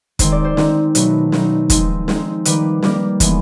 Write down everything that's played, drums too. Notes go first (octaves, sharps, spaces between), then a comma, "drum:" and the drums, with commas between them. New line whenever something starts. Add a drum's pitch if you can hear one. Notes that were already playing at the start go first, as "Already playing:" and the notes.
D#3 G#3 C4 D#4 C5, drum: kick, hi-hat
D5
C5
D#3 G#3 C4 D#4, drum: snare
B2 F#3 A3 C4 D#4 B4, drum: hi-hat
B2 F#3 A3 C4 D#4, drum: snare
F3 G#3 C4 D#4, drum: kick, hi-hat
F3 G#3 C4 D#4, drum: snare
D#3 G3 A#3 B4, drum: hi-hat
D#3 G3 A#3 A#4, drum: snare
E3 G#3 B3, drum: kick, hi-hat